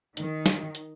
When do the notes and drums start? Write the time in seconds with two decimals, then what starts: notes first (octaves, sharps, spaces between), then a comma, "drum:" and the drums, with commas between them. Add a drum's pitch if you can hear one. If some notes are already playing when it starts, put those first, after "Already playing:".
0.17 D#3, drum: hi-hat
0.46 drum: snare
0.75 drum: hi-hat